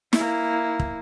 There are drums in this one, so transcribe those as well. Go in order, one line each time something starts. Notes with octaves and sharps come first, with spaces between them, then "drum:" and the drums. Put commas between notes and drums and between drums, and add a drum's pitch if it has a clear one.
A#3 E4, drum: snare
drum: kick